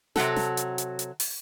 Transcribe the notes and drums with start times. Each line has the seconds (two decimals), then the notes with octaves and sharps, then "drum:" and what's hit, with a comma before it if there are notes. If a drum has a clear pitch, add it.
0.16 C3 F#3 F#4 A4, drum: snare
0.36 drum: snare
0.57 drum: hi-hat
0.78 drum: hi-hat
0.99 drum: hi-hat
1.20 drum: open hi-hat